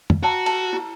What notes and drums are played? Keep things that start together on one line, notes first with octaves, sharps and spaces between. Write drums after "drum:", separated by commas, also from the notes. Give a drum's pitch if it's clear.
drum: tom
F#4 G5 A5 A#5
A5, drum: cymbal
E4